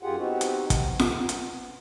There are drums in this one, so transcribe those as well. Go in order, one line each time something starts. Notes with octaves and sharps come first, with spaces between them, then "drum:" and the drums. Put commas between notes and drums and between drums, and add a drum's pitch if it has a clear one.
F#2 F4 G4 G#4 F#5
B3 C4 D#4 F#4 G4
drum: hi-hat
B3, drum: kick, hi-hat
drum: snare F4
drum: hi-hat